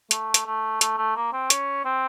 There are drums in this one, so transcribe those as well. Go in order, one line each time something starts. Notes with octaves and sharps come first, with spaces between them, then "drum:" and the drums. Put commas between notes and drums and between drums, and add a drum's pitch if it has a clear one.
A3, drum: hi-hat
drum: hi-hat
A3
A3, drum: hi-hat
A3
A#3
C4
C#4, drum: hi-hat
C4